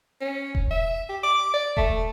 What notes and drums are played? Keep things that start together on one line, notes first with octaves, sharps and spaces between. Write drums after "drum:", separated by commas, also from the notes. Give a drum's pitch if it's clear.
C#4
drum: kick E1
E5
G4
D6
D5
A3, drum: kick E1